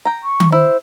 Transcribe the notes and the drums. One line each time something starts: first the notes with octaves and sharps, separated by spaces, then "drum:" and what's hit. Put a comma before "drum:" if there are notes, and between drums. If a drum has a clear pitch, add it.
G5 A#5
C#6
drum: tom D#3
E4 C5